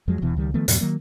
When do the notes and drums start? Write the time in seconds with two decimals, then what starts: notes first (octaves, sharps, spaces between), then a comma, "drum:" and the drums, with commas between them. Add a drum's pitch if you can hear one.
0.08 F2 F3 F#3 G#3
0.22 E1 E2 B2 E3
0.37 C#2 D#3 G3
0.54 D#3 F3 A3 B3
0.68 E2 G#2 B2 F#3, drum: hi-hat
0.81 D#3 F#3 A#3